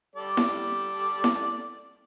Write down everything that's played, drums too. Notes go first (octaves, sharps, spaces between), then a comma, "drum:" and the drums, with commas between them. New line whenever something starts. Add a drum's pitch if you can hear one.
G3 A4 D5
drum: snare E4
drum: snare E4